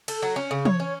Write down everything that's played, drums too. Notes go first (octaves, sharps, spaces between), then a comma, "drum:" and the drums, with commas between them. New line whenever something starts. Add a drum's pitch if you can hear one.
A4, drum: cymbal
F#3
C#4
C#3
C#5, drum: tom
C#4